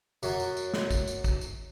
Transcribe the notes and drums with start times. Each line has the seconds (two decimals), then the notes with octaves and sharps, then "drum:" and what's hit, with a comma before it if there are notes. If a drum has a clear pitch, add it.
0.23 F#2 F#3, drum: tambourine
0.40 drum: tambourine
0.57 drum: tambourine
0.74 drum: snare
0.91 drum: kick, tambourine
1.07 drum: tambourine
1.24 drum: kick, tambourine
1.41 drum: tambourine